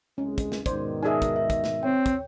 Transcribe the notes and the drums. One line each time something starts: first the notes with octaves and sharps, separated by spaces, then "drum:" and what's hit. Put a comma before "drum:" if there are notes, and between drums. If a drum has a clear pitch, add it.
C2 G#3 C#4
drum: kick, hi-hat
drum: snare
G#2 B2 D#3 C5 D5, drum: kick, hi-hat
D#4 G#4 A#4 D5 E5 G#5
drum: kick, hi-hat
E5
drum: kick, hi-hat
drum: snare
C4 C#5 G5
drum: kick, hi-hat